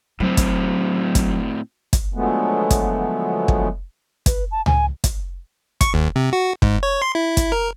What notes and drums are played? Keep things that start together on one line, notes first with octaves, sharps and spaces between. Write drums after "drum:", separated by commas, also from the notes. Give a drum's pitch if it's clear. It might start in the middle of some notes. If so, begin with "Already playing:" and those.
A2 F#3 C4
drum: kick, hi-hat
drum: kick, hi-hat
drum: kick, hi-hat
D3 F3 F#3 G#3 A3 B3
drum: kick, hi-hat
drum: kick
B4, drum: kick, hi-hat
A5
G#5, drum: tom C#2
drum: kick, hi-hat
C#6, drum: kick, hi-hat
D#2
C3
F#4
G#2, drum: kick
C#5
C6
E4
drum: kick, hi-hat
A#4